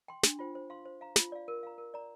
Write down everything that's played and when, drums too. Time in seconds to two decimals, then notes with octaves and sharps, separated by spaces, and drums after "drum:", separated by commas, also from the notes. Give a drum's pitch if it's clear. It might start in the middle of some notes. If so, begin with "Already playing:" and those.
0.08 G5 C6
0.23 D4, drum: snare
0.39 F4 C5 G5
0.55 C5
0.70 F5 C6
0.86 C5
1.01 F5 A#5
1.16 F4, drum: snare
1.32 D5 F5
1.48 A#4
1.63 F5 A#5
1.78 A#4
1.94 D5 A#5